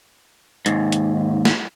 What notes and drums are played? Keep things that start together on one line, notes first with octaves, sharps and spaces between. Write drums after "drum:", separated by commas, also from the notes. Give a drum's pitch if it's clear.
D#2 G#2, drum: hi-hat
drum: hi-hat
drum: snare